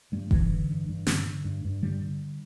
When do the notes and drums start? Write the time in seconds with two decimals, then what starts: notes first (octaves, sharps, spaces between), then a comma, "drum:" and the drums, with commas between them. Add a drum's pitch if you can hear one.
0.12 G2 G3
0.31 D3 E3, drum: kick F1
0.50 D3
0.70 G2
0.89 G2
1.07 D3, drum: snare
1.26 D3
1.44 G2
1.64 G2
1.82 D3 G3
2.02 D3